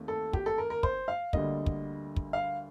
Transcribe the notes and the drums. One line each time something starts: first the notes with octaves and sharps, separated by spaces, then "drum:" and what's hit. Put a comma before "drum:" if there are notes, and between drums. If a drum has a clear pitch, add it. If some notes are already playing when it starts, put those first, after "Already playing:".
Already playing: D#2 D#3 A3 C4
A4
G4, drum: kick
A4
A#4
A#4
C5, drum: kick
F5
D2 D3 G3 A#3 D#5, drum: kick
drum: kick
drum: kick
F5